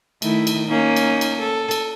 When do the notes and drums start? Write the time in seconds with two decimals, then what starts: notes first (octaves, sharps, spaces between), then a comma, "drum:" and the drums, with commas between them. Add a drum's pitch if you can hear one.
0.22 D#3 A3 E4, drum: cymbal
0.47 drum: cymbal
0.67 A#3 C#4 D#4
0.96 drum: cymbal
1.21 drum: cymbal
1.40 A4
1.71 drum: cymbal